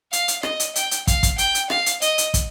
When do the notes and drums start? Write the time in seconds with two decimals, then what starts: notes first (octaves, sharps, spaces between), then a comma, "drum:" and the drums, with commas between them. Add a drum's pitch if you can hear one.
0.13 F5, drum: hi-hat
0.28 drum: hi-hat
0.43 D#5, drum: rim click
0.60 drum: hi-hat
0.76 G5, drum: hi-hat
0.91 drum: hi-hat
1.07 F5, drum: kick, hi-hat
1.23 drum: kick, hi-hat
1.38 G5, drum: hi-hat
1.55 drum: hi-hat
1.70 F5, drum: rim click
1.86 drum: hi-hat
2.02 D#5, drum: hi-hat
2.18 drum: hi-hat
2.34 drum: kick, hi-hat